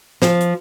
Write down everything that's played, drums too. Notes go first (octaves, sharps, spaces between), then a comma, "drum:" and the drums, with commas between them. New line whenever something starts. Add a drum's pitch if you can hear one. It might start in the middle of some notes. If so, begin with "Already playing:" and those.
F3, drum: snare
drum: hi-hat